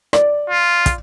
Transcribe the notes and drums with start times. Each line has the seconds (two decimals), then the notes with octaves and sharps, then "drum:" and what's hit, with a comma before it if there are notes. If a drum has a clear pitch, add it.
0.13 D5, drum: rim click
0.50 F4
0.86 drum: kick, hi-hat